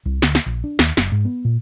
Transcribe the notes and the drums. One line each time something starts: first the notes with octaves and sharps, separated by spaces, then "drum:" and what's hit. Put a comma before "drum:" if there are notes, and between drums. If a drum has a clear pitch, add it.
C2
D2, drum: snare
drum: snare
A#1
D4
D#2, drum: snare
F#1, drum: snare
G#2
B3
A#2